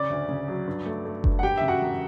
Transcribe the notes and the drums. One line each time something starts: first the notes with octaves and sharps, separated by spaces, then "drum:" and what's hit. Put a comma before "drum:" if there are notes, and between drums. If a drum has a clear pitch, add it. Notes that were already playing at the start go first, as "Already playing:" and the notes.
Already playing: C#3 C#4 D5 D6
D2
C#3
F#3
G2
A3
A3
G2, drum: kick F#1
F#5
E1 G4 G5
C#3 E5
F#4 F#5
E1